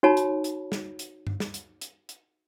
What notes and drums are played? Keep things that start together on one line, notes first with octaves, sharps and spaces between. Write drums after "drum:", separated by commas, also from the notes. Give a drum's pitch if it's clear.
D#4 F#4 C#5 A5 B5
drum: hi-hat
drum: hi-hat
drum: snare
drum: hi-hat
drum: tom G2
drum: snare
drum: hi-hat
drum: hi-hat
drum: hi-hat